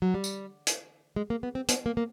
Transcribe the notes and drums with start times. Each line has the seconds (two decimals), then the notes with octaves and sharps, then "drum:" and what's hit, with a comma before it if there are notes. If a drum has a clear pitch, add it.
0.02 F#3
0.14 G3
0.24 drum: tambourine
0.67 drum: hi-hat
1.16 G#3
1.30 A#3
1.43 B3
1.55 C4
1.69 B3, drum: hi-hat
1.86 A#3
1.97 A#3